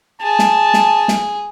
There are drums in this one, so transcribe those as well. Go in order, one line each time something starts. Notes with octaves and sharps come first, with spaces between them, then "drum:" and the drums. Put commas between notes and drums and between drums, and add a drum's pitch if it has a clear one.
G#4 A5
drum: snare
drum: snare
drum: snare